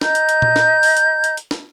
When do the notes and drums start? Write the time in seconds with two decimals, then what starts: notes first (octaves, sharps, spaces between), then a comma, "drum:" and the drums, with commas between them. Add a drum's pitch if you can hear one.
0.01 D#5 A#5 G6, drum: snare
0.15 drum: hi-hat
0.29 drum: hi-hat
0.42 drum: tom A#2
0.56 drum: snare
0.83 drum: open hi-hat
0.97 drum: hi-hat
1.24 drum: hi-hat
1.37 drum: hi-hat
1.51 drum: snare